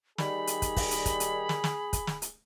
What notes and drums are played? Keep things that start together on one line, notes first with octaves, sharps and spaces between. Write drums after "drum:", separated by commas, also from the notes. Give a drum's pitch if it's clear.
D#3 G3 G#4 B5, drum: snare
drum: hi-hat
drum: kick, hi-hat
drum: kick, open hi-hat
drum: hi-hat
drum: kick, hi-hat
drum: hi-hat
drum: snare
drum: snare
drum: kick, hi-hat
drum: snare
drum: hi-hat